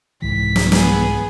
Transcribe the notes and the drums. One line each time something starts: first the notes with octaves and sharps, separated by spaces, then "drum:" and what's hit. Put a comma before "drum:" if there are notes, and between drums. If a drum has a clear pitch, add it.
C2 G#2 E3 B6
drum: snare
B3 G#4, drum: snare